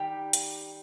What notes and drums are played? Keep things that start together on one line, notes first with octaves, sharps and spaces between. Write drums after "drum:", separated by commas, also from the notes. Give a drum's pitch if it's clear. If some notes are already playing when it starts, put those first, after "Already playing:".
Already playing: D#3 G3 G4 G5
drum: hi-hat